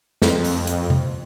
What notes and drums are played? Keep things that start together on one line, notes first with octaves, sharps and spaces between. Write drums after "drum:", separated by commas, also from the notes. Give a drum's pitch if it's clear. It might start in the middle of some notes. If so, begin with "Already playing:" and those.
F2, drum: snare
drum: open hi-hat
drum: hi-hat
drum: tom C3